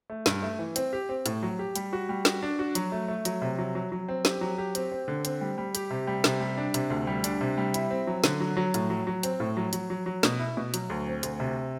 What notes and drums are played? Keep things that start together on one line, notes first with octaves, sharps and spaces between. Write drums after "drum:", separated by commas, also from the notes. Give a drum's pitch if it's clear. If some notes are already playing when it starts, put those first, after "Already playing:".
A3
G2, drum: snare
A3
E3
C4, drum: hi-hat
G4
C4
A2, drum: hi-hat
F#3
G4
G3, drum: hi-hat
F#4
G3
F#4, drum: snare
D4
F#4
F#3, drum: hi-hat
A3
A3
F#3, drum: hi-hat
C3
F#3
F#3
F#3
C4
G4, drum: snare
F#3
G4
C4, drum: hi-hat
C4
D3
C4, drum: hi-hat
G3
G3
G4, drum: hi-hat
C3
G3
C3, drum: snare
G3
D4
C3, drum: hi-hat
D2
G3
D4, drum: hi-hat
C3
G3
E4, drum: hi-hat
C4
F#3
D3, drum: snare
F#3
F#3
A2, drum: hi-hat
F#3
F#3
C4, drum: hi-hat
A2
F#3
F#3, drum: hi-hat
F#3
F#3
B2, drum: snare
E4
B2
F#3, drum: hi-hat
D2
C4
D2, drum: hi-hat
C3